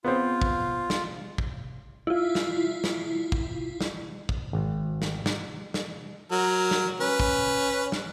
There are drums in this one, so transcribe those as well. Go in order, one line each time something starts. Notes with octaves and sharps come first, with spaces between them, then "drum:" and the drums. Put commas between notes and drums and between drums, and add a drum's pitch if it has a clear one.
B3 C4 F4
drum: kick
drum: snare
drum: kick
E4 F4
drum: snare
drum: snare
drum: kick
drum: snare
drum: kick
G#1
drum: snare
drum: snare
drum: snare
F#3 A#4
drum: snare
C#4 B4
drum: kick
drum: snare